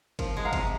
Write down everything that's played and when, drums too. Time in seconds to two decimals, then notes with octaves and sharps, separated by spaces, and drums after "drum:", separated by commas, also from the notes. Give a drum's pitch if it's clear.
0.19 F3 A#4, drum: kick G1, cymbal
0.37 G#3
0.45 F5 A#5
0.53 C3, drum: kick G1, cymbal